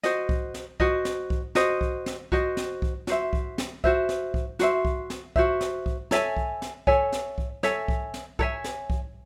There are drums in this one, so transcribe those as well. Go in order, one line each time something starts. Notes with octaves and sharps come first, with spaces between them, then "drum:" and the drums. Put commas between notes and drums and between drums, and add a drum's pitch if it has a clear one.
F#4 C5 D#5, drum: snare
drum: kick C2
drum: snare
F#4 C5 D#5, drum: kick C2
drum: snare
drum: kick C2
F#4 C5 D#5, drum: snare
drum: kick C2
drum: snare
F#4 C5 D#5, drum: kick C2
drum: snare
drum: kick C2
F#4 C5 E5, drum: snare
drum: kick C2
drum: snare
F#4 C5 E5, drum: kick C2
drum: snare
drum: kick C2
F#4 C5 E5, drum: snare
drum: kick C2
drum: snare
F#4 C5 E5, drum: kick C2
drum: snare
drum: kick C2
A4 C#5 E5 G#5, drum: snare
drum: kick C2
drum: snare
A4 C#5 E5 G#5, drum: kick C2
drum: snare
drum: kick C2
A4 C#5 E5 G#5, drum: snare
drum: kick C2
drum: snare
A4 C#5 E5 G#5, drum: kick C2
drum: snare
drum: kick C2